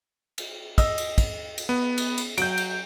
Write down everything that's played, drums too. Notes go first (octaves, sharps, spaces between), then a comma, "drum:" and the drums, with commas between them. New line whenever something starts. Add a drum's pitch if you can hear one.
drum: cymbal
D#5 E6, drum: kick, cymbal
drum: cymbal
drum: kick, cymbal
drum: cymbal
B3
drum: cymbal
drum: cymbal
F#3 G6 D7, drum: cymbal
drum: cymbal